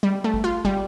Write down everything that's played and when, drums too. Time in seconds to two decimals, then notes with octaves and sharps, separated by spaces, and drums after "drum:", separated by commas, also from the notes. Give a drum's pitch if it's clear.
0.03 G3
0.24 A3
0.34 drum: kick
0.44 F4
0.65 G3, drum: kick